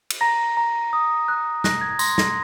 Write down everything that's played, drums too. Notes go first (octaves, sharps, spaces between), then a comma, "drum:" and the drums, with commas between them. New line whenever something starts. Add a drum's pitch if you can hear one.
drum: cymbal
A#5 A#6
A#5
D#6
F#6
F#6 A#6, drum: snare
G#6
C6 A#6, drum: tambourine
A#6, drum: snare